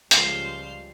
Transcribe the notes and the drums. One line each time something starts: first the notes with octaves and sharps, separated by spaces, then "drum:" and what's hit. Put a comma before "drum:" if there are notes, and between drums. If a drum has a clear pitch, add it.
C#2 C#3 F3 G3 C5 F5, drum: hi-hat